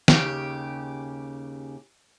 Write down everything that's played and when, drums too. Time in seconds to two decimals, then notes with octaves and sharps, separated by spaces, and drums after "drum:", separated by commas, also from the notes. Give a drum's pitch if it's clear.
0.08 D#2 C#3 G4, drum: snare